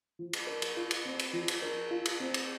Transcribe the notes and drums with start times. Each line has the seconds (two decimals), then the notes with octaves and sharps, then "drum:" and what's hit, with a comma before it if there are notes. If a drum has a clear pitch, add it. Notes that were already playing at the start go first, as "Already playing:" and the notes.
0.19 F3
0.33 drum: cymbal
0.47 A#4
0.62 drum: cymbal
0.76 F4
0.91 drum: cymbal
1.05 C4
1.19 drum: cymbal
1.33 F3
1.48 drum: cymbal
1.62 A#4
1.91 F4
2.05 drum: cymbal
2.20 C4
2.34 drum: cymbal